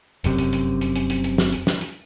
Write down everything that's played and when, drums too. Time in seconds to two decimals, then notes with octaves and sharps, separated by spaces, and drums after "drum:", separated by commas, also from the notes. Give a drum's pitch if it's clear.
0.24 F1 F#2 C3, drum: hi-hat
0.38 drum: hi-hat
0.53 drum: hi-hat
0.81 drum: hi-hat
0.96 drum: hi-hat
1.10 drum: hi-hat
1.24 drum: hi-hat
1.38 drum: snare
1.53 drum: hi-hat
1.67 drum: snare
1.81 drum: hi-hat